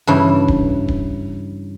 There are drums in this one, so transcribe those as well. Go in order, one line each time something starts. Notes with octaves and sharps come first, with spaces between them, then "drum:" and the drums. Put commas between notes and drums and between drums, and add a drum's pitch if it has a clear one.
G2 C#3 E3 E4
drum: kick D1
drum: kick D1